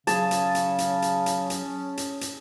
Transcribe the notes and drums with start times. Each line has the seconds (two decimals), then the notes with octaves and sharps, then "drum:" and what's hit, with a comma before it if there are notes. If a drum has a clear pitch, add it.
0.07 C#3 F#3 C#4 G#4 A5, drum: hi-hat
0.31 drum: hi-hat
0.55 drum: hi-hat
0.78 drum: hi-hat
1.02 drum: hi-hat
1.26 drum: hi-hat
1.50 drum: hi-hat
1.97 drum: hi-hat
2.21 drum: hi-hat